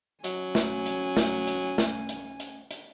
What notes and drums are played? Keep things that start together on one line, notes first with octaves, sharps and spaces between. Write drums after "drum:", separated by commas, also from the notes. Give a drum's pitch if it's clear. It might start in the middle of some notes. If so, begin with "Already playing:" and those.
F#3 C#4 G#5, drum: hi-hat
drum: snare
drum: hi-hat
drum: snare
drum: hi-hat
drum: snare
drum: hi-hat
drum: hi-hat
drum: hi-hat